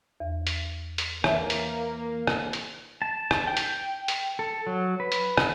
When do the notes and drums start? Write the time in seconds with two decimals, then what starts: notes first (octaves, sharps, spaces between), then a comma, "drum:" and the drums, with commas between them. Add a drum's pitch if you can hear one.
0.20 E2
0.47 drum: hi-hat
0.98 drum: hi-hat
1.24 E3 A#3 C#5 E5, drum: rim click
1.50 drum: hi-hat
2.27 drum: rim click
2.53 drum: hi-hat
3.02 A5
3.31 drum: rim click
3.47 G5
3.57 drum: hi-hat
4.08 drum: hi-hat
4.39 A4
4.67 F#3
5.00 B4
5.12 drum: hi-hat
5.38 drum: rim click